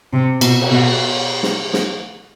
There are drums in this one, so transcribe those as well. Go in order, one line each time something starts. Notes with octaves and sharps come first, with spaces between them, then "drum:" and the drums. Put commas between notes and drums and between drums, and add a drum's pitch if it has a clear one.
C3
B2, drum: cymbal
drum: cymbal
B2
drum: snare
drum: snare